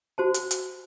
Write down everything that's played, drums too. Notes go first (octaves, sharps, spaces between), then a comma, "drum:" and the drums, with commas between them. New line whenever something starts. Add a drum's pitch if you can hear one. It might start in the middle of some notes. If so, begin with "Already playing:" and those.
F#4 C5 A5
drum: hi-hat
drum: hi-hat